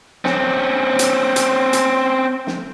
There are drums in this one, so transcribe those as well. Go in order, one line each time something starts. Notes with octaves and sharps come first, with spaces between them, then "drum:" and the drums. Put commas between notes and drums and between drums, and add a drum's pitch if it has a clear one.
C4 C#4, drum: snare
drum: hi-hat
drum: hi-hat
drum: hi-hat
drum: snare